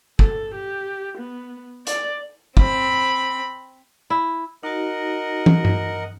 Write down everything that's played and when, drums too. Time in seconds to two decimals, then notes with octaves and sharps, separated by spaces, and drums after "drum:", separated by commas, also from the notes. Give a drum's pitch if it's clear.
0.19 A4, drum: kick
0.55 G4
1.18 B3
1.87 D5, drum: hi-hat
2.57 C4 B5, drum: kick
4.10 E4
4.63 D#4 F#4 A#4 D#5 F#5
5.46 drum: tom
5.65 drum: tom G2